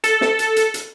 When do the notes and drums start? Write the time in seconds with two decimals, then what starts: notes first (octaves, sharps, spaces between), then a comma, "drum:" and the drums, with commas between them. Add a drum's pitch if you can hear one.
0.04 A4, drum: hi-hat
0.21 drum: snare
0.39 drum: hi-hat
0.56 drum: hi-hat
0.74 drum: hi-hat